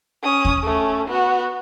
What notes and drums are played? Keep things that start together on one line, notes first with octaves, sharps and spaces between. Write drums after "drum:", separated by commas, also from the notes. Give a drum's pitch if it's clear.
C#4 D#6
drum: kick D#2
A3 C#4
B3 F#4